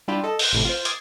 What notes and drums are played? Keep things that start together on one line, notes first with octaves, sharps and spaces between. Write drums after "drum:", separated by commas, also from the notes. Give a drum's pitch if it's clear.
G3 D4 E4 F4 G4
A4 D#5
C6 F#6 G6, drum: open hi-hat
A1 A2 C3
F4 C5
D6 D#6 G#6 A6 C7, drum: hi-hat